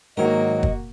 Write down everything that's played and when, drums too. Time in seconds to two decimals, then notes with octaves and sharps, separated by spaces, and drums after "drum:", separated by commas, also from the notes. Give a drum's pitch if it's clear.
0.17 G#2 D#3 F#3 A#3 F#4 A#4 D#5
0.63 drum: kick